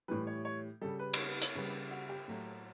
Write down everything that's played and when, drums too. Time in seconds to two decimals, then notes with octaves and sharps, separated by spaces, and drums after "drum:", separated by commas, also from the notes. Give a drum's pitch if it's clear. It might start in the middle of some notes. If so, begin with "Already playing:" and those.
0.08 A2 E3 G3 B4
0.27 C#5
0.45 C#5
0.82 C#3 G3 A4
0.99 B4
1.13 C#5, drum: cymbal
1.28 B4
1.42 C#5, drum: hi-hat
1.55 C#3 G3 B4
1.91 F#4
2.09 G4
2.28 A2 F#3 A3